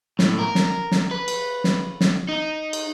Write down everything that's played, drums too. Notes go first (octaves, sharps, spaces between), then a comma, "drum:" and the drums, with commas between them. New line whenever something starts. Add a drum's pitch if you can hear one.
A2, drum: snare
A#4
drum: snare
drum: snare
B4
drum: cymbal
drum: snare
drum: snare
D#4
drum: cymbal